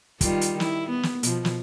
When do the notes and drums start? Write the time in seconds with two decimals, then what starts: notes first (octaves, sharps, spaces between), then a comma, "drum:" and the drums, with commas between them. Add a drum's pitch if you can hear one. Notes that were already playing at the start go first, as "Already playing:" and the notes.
0.21 D#3 G3 F4, drum: kick, hi-hat
0.41 drum: hi-hat
0.60 E4, drum: snare
0.89 B3
1.03 drum: snare
1.23 B2 F3, drum: hi-hat
1.45 drum: snare